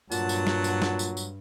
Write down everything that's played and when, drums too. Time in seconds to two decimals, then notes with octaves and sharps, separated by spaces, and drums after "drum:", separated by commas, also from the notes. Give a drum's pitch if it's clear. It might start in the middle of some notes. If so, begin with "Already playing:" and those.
0.12 G2 A#2 F#3 F#5 A5, drum: tambourine
0.29 drum: tambourine
0.47 drum: snare
0.64 drum: tambourine
0.82 drum: snare
0.99 drum: tambourine
1.17 drum: tambourine